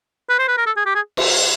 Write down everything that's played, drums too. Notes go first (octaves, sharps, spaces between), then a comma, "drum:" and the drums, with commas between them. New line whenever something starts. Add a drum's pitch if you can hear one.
B4
C5
B4
A#4
A4
G#4
G4
G#4
drum: cymbal